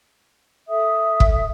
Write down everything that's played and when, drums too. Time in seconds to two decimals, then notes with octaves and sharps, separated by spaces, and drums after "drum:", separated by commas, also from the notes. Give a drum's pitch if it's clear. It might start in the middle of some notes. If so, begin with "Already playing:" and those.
0.68 A4 E5 D#6
1.20 drum: kick